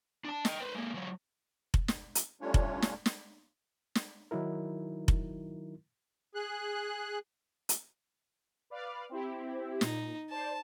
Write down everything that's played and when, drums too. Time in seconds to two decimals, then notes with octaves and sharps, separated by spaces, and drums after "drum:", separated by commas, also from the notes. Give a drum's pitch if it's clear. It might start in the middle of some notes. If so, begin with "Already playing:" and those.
0.25 D4 A5
0.45 D#5 G5, drum: snare
0.60 B4 C5
0.75 G#3 A#3
0.94 E3 F#3
1.74 drum: kick F1
1.88 drum: snare
2.15 drum: hi-hat
2.41 G3 A3 C#4 D4 F4 C#5
2.54 drum: kick F1
2.82 drum: snare
3.06 drum: snare
3.95 drum: snare
4.31 D#3 F#3 D#4 E4 A#4
5.08 drum: kick F1
6.35 G#4 F#6
7.69 drum: hi-hat
8.70 B4 D5 F5
9.09 C4 E4 G4
9.81 A#2 D#4, drum: snare
10.30 C5 D5 A5